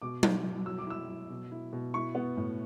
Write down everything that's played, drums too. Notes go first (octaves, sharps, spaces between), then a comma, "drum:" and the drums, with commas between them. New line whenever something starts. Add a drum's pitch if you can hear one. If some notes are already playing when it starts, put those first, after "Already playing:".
B2 D6
E4, drum: tom F#3
B2
F#3 E6
D6
E4 E6
F#3
B2
E4
B2
E4 C#6
B3
A2